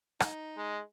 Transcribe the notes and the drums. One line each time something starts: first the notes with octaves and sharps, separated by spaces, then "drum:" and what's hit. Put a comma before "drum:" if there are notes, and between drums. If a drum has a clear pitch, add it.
D#4, drum: rim click
G#3